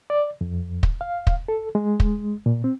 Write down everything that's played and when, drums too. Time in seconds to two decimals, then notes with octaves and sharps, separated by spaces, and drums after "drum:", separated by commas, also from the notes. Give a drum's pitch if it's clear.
0.10 D5
0.41 F2
0.83 drum: kick
1.01 F5
1.27 drum: kick
1.48 A4
1.75 G#3
2.00 drum: kick
2.46 A#2
2.64 C4